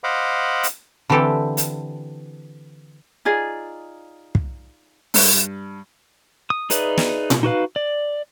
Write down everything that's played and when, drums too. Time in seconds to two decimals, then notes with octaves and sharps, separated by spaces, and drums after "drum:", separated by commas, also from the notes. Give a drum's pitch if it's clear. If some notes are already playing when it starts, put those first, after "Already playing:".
0.04 C5 D#5 F5 F#5 B5 D6
0.63 drum: hi-hat
1.10 D3 E3 C4 G4 A4
1.57 drum: hi-hat
3.25 D#4 F4 G#4 D5
4.35 drum: kick
5.14 G2, drum: open hi-hat
6.50 D#6
6.70 D#4 G#4 B4 D5 E5, drum: hi-hat
6.98 drum: snare
7.30 drum: tom A#2
7.43 D#4 F#4 B4 F5
7.76 D5